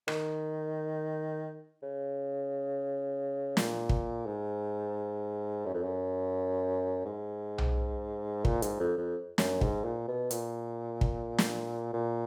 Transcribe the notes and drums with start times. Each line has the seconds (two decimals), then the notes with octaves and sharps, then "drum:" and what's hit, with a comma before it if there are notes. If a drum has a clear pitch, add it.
0.08 D#3, drum: rim click
1.83 C#3
3.57 A#2, drum: snare
3.89 drum: kick
4.26 G#2
5.66 F#2
5.74 F2
5.83 F#2
7.05 G#2
7.58 drum: tom B1
8.45 A#2, drum: kick
8.62 G#2, drum: hi-hat
8.80 F2
8.97 F2
9.38 F#2, drum: snare
9.61 G#2, drum: kick
9.84 A#2
10.08 B2
10.31 A#2, drum: hi-hat
11.01 drum: kick
11.38 drum: snare
11.93 A#2